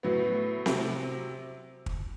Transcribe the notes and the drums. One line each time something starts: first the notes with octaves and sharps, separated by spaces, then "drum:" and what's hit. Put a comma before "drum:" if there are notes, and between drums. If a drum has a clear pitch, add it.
A2 F#3 B3
C3 F#3 C4, drum: snare C4
drum: kick